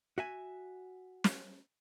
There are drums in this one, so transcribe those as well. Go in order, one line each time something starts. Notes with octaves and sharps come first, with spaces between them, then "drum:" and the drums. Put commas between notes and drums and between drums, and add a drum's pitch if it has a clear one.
F#4 E5 G#5
drum: snare